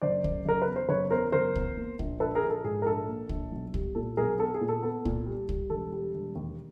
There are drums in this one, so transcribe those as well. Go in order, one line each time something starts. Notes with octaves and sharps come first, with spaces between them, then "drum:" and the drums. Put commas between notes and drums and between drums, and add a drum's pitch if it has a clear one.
F#1 C5 D5
F#1, drum: kick
F#1 A#4
B4
E2
C5
F#1 B4 C#5
E2 A#4 C5
F#1 A#4 C5
E2, drum: kick
A#3
A#1, drum: kick
A#1 A4 B4
G#4 A#4
A#1
A4
G#2 G#4
A#4
A#1 A4
A#3
A#1, drum: kick
B1
G3, drum: kick
A#2 A4
B1 G#4 A#4
B3 A4
G#4
A#2
A4
B3 A4
A#2, drum: kick
G3
G3, drum: kick
E1 A4
G3
E1
D#2